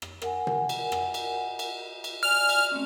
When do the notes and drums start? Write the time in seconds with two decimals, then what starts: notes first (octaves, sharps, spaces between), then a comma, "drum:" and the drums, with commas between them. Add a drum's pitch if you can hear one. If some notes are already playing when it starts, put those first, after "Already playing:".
0.02 drum: rim click
0.22 A#4 F#5 G#5, drum: rim click
0.47 drum: tom
0.69 drum: cymbal
0.92 drum: rim click
1.14 drum: cymbal
1.59 drum: cymbal
2.04 drum: cymbal
2.23 D5 G#5 F6
2.49 drum: cymbal
2.71 A3 C4 C#4